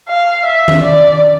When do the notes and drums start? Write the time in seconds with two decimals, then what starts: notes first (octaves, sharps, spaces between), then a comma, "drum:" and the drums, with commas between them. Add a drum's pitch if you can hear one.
0.08 F5
0.45 E5
0.68 drum: tom D#3
0.83 D5